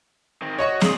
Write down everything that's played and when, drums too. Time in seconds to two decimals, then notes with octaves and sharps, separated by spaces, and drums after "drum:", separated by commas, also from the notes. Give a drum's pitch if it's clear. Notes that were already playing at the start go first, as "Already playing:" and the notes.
0.42 D#3 C4
0.59 F#4 C#5 D#5 C#6
0.81 A#2 F4 G#4, drum: snare